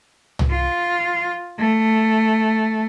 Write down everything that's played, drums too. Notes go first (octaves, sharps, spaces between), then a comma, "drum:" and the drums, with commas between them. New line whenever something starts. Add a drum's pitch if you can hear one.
drum: tom C2
F4
A3